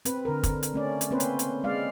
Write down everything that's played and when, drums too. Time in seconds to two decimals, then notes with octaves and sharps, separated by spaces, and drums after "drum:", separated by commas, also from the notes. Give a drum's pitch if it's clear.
0.05 C4 B4, drum: hi-hat
0.25 D3 A#4
0.43 drum: kick, hi-hat
0.63 drum: hi-hat
0.74 A3 C#4 D5
1.01 drum: hi-hat
1.10 A#3 C4 C#4 B4 C5
1.20 drum: hi-hat
1.39 drum: hi-hat
1.64 G#3 D5 F5